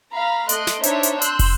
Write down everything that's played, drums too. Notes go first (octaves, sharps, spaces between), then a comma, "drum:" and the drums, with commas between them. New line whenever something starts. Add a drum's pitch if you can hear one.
F5 A#5 B5
A3 D#5 C6 F#6 D7, drum: hi-hat
drum: snare
D4 D#4 C5 C#5 E5, drum: hi-hat
drum: hi-hat
C6 E6 F#6 G6, drum: hi-hat
drum: kick, open hi-hat